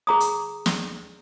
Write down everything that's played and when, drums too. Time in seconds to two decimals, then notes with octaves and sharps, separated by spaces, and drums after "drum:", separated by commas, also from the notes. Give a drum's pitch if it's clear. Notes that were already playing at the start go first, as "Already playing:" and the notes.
0.07 G#4 A#5 D#6
0.20 drum: hi-hat
0.66 drum: snare